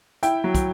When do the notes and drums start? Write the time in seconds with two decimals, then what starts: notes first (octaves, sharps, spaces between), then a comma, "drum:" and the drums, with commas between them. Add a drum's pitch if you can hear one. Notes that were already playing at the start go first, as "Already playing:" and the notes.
0.23 E4 G5, drum: hi-hat
0.44 F#3
0.55 drum: kick, hi-hat